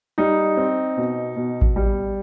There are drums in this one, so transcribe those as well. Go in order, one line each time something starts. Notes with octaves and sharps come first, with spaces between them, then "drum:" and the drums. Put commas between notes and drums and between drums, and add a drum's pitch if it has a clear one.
G3 D#4
C4
B2
B2
drum: kick A1
G3